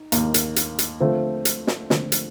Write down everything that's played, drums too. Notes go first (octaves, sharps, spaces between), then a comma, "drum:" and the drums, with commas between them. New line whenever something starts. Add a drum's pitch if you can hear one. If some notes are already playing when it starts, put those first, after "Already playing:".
Already playing: D#4
D#2 D#3 A#3 D#4, drum: hi-hat
drum: hi-hat
drum: hi-hat
drum: hi-hat
D3 F3 A3 C4 F4
drum: hi-hat
drum: snare
D3 F3 A3 C4 F4, drum: snare
drum: hi-hat